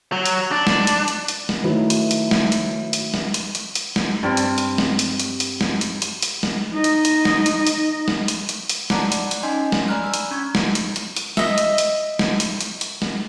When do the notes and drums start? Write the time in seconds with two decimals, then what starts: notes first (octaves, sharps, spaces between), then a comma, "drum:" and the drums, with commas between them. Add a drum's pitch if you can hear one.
0.12 F#3
0.25 drum: hi-hat
0.52 D4
0.67 drum: snare
0.87 drum: hi-hat
1.08 drum: hi-hat
1.28 drum: hi-hat
1.49 drum: snare
1.64 D#3 F#3 A3 D#4 E4 B4
1.90 drum: hi-hat
2.11 drum: hi-hat
2.31 drum: snare
2.52 drum: hi-hat
2.93 drum: hi-hat
3.14 drum: snare
3.34 drum: hi-hat
3.55 drum: hi-hat
3.75 drum: hi-hat
3.96 drum: snare
4.23 G2 G3 C4
4.37 drum: hi-hat
4.58 drum: hi-hat
4.78 drum: snare
4.99 drum: hi-hat
5.20 drum: hi-hat
5.40 drum: hi-hat
5.61 drum: snare
5.81 drum: hi-hat
6.02 drum: hi-hat
6.22 drum: hi-hat
6.43 drum: snare
6.72 D#4 D#5
6.84 drum: hi-hat
7.05 drum: hi-hat
7.25 drum: snare
7.46 drum: hi-hat
7.67 drum: hi-hat
8.08 drum: snare
8.28 drum: hi-hat
8.49 drum: hi-hat
8.69 drum: hi-hat
8.90 D5 F#5 A5 A#5 D6 F#6, drum: snare
9.12 D5, drum: hi-hat
9.31 drum: hi-hat
9.43 C#4 D#4 D#5 G#5 C6
9.72 drum: snare
9.88 D5 G#5 A#5 B5 F6 F#6
10.04 A#5 E6
10.14 drum: hi-hat
10.31 C#4 D4 C#6 G#6
10.55 drum: snare
10.75 drum: hi-hat
10.96 drum: hi-hat
11.16 drum: hi-hat
11.37 D#5 E5, drum: snare
11.58 drum: hi-hat
11.78 drum: hi-hat
12.19 drum: snare
12.40 drum: hi-hat
12.61 drum: hi-hat
12.81 drum: hi-hat
13.02 drum: snare